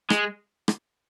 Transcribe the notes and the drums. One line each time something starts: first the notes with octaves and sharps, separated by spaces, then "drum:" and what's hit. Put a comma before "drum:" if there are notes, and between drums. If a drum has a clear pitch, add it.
G#3, drum: rim click
drum: rim click